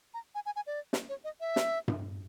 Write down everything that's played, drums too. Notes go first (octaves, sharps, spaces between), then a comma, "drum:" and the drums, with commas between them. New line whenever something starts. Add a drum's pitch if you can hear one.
A#5
G#5
G#5
G#5
D5
drum: snare
C#5
D#5
E5
drum: snare
drum: tom G2